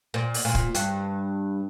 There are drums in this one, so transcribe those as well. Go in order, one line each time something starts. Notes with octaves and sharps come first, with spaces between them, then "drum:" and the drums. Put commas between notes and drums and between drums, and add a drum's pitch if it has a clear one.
A#2
drum: open hi-hat
A#2
drum: kick
G2, drum: hi-hat